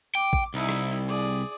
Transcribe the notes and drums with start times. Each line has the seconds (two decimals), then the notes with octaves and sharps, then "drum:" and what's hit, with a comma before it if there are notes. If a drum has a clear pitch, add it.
0.15 G5 D6
0.33 drum: kick A1
0.54 C2 D#4 E4
0.69 drum: rim click
1.08 G#4 D5